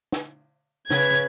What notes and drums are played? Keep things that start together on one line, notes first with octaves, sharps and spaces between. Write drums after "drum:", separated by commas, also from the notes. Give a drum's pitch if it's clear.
drum: snare
C#3 B4 G#6, drum: snare